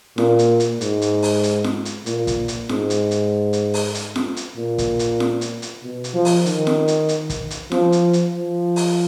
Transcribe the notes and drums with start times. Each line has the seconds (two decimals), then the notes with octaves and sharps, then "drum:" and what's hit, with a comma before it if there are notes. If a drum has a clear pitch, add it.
0.18 A#2, drum: snare
0.39 drum: hi-hat
0.60 drum: hi-hat
0.81 G#2, drum: hi-hat
1.02 drum: hi-hat
1.23 drum: open hi-hat
1.43 drum: hi-hat
1.64 drum: snare
1.85 drum: hi-hat
2.06 A#2, drum: hi-hat
2.27 drum: kick, hi-hat
2.48 drum: hi-hat
2.69 G#2, drum: snare
2.90 drum: hi-hat
3.11 drum: hi-hat
3.53 drum: hi-hat
3.74 drum: open hi-hat
3.95 drum: hi-hat
4.16 drum: snare
4.36 drum: hi-hat
4.57 A#2
4.78 drum: kick, hi-hat
4.99 drum: hi-hat
5.20 drum: snare
5.41 drum: hi-hat
5.62 drum: hi-hat
5.83 B2
6.04 drum: hi-hat
6.14 F3
6.25 drum: open hi-hat
6.46 D#3, drum: hi-hat
6.67 drum: snare
6.88 drum: hi-hat
7.09 drum: hi-hat
7.30 drum: kick, hi-hat
7.50 drum: hi-hat
7.72 F3, drum: snare
7.92 drum: hi-hat
8.13 drum: hi-hat
8.34 F3
8.76 drum: open hi-hat